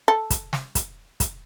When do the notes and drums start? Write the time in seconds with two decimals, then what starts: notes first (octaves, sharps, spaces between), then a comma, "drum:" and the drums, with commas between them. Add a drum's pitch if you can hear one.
0.08 A4
0.30 drum: kick, hi-hat
0.53 drum: snare
0.75 drum: kick, hi-hat
1.20 drum: kick, hi-hat